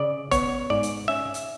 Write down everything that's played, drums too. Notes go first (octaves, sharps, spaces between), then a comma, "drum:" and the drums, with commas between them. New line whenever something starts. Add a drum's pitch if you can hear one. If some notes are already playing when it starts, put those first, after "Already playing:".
Already playing: C#3 D5
B3 C#5, drum: kick F1, hi-hat
G#2 D5
drum: hi-hat
C#4 E5
drum: hi-hat